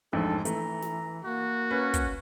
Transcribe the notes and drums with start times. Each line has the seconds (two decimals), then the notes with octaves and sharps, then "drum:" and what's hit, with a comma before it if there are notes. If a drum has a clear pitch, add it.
0.13 A1 F2 G#2 D4 A4
0.45 E3 A3 A#5, drum: hi-hat
0.82 drum: snare
1.25 A#3 F#4
1.71 C#4 B4
1.94 drum: kick, hi-hat